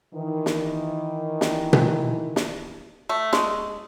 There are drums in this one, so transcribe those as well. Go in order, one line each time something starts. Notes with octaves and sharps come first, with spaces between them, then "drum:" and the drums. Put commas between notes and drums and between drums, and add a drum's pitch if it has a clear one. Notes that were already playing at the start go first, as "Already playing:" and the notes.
D#3 E3
drum: snare
drum: snare
drum: tom B2
drum: snare
A3
G#3, drum: snare